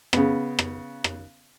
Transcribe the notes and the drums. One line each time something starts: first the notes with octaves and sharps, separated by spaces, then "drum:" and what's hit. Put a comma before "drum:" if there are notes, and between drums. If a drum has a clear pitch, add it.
C#3 B3, drum: rim click
drum: rim click
drum: rim click